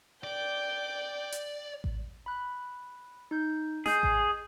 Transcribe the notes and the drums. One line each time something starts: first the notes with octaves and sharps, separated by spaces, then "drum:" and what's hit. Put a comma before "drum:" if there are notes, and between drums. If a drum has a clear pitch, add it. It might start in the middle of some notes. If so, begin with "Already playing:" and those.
D5 G5
drum: hi-hat
drum: kick A1
B5 F#6
D#4 G6
G#4 D#5 G6 C7, drum: snare
drum: kick A1